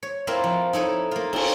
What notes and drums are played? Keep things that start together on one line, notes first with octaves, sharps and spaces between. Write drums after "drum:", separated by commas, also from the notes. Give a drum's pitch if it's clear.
C#5
A#3 C4 E4 F4 A#4
F3
D#4 E4 A4 C#5
A#3 F4
C4 C#4, drum: cymbal